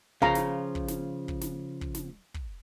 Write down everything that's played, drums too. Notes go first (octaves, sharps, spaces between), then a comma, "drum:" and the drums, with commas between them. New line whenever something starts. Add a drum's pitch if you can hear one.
C#3 F3 F4 F5 A#5, drum: kick
drum: snare
drum: kick
drum: snare
drum: kick
drum: snare
drum: kick
drum: snare
drum: kick